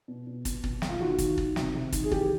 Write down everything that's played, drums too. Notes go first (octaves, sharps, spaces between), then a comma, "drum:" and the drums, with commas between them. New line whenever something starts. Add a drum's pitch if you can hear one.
B2
B2
B2, drum: kick, hi-hat
B2, drum: kick
B2, drum: snare
F4
D#3 F#4
D#3, drum: kick, hi-hat
D#3, drum: kick
C3, drum: snare
C3
D#3, drum: kick, hi-hat
G#4
E3 G4, drum: kick